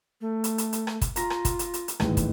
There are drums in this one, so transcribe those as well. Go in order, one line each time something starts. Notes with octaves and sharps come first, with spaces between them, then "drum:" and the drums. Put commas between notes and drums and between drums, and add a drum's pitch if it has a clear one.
A3
drum: hi-hat
drum: hi-hat
drum: hi-hat
drum: rim click
drum: kick, hi-hat
F4 A#5 A#6, drum: hi-hat
drum: rim click
drum: kick, hi-hat
drum: hi-hat
drum: hi-hat
drum: hi-hat
A1 D#2 G#2 G#3, drum: rim click
drum: kick, hi-hat